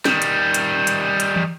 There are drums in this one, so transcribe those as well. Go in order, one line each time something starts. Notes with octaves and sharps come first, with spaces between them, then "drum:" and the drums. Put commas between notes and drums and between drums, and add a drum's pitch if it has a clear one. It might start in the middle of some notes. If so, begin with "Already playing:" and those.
D#3 G3, drum: snare
drum: hi-hat
drum: hi-hat
drum: hi-hat
drum: hi-hat
drum: tom